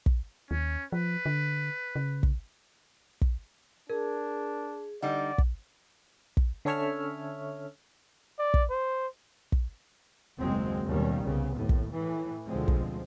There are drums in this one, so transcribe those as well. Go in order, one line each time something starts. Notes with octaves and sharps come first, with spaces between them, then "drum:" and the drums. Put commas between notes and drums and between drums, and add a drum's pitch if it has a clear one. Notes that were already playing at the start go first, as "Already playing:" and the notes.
drum: kick
D#2 C#4
F3 B4
D3
C#3
drum: kick
drum: kick
D4 G#4 A#4
D3 G3 D#4 D5 F#5
drum: kick
drum: kick
D3 C#4 A4 C#5 E5 F6
D5
drum: kick
C5
drum: kick
F#1 D#2 F#3 G#3 C4
D#2 B2 D#3 G3 C#4
C2 C#3 B3
D#2 A2
drum: kick
A2 E3
D2 B2 D3 F3 G#3 C4
drum: kick